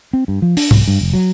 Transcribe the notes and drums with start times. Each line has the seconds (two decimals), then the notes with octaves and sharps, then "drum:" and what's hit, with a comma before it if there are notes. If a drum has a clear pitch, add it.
0.13 C4
0.28 G2
0.42 F3
0.57 D4, drum: open hi-hat
0.71 C2, drum: tom G#2
0.88 G2
1.01 F1
1.14 F#3